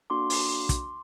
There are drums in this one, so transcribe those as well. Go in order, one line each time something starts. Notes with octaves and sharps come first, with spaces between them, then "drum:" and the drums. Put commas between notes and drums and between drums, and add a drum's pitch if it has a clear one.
A#3 D4 F#4 A4 C6 D6
drum: open hi-hat
drum: kick, hi-hat